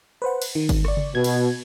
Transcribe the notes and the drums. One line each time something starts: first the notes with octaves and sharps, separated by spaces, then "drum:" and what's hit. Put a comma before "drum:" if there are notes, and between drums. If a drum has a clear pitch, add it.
B4 C5 F#5
drum: cymbal
D#3
drum: kick G1, cymbal
D5 C#6, drum: rim click
drum: tom C#3
B2 G#6
drum: cymbal